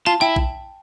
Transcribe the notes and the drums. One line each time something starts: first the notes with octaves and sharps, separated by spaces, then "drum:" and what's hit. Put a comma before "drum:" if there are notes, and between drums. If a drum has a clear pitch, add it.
F4 A5
E4 G5
drum: kick A#1